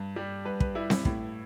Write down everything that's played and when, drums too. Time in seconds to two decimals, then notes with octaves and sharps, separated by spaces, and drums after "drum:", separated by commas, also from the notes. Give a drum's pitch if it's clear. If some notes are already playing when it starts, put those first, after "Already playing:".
Already playing: G2
0.16 G3
0.45 G2 B4
0.60 B4, drum: kick
0.75 G3 E4
0.90 E4, drum: snare C4
1.05 A2, drum: kick